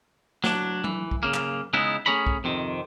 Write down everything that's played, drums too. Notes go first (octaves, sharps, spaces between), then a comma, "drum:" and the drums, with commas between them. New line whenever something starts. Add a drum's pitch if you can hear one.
F#3 D4, drum: snare
E3, drum: tom F#3
drum: kick
C#3 A#3
drum: clap
C#3 G#3 B3 D#4 E4
A3 C#4 G#4 C#5 A#5 B5
drum: kick
F2 C3 D#3